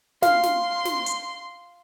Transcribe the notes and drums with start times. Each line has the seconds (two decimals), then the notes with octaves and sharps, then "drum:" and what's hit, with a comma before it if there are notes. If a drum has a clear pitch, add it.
0.22 F5 C6, drum: snare
0.43 drum: snare
0.85 drum: snare
1.06 drum: hi-hat